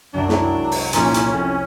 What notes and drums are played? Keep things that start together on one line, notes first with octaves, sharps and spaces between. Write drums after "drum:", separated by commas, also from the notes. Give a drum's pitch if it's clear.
C2 F#2 F#3 D4
drum: snare
G#3 E4
drum: open hi-hat
F1 A#2 C#4, drum: hi-hat
drum: hi-hat
F2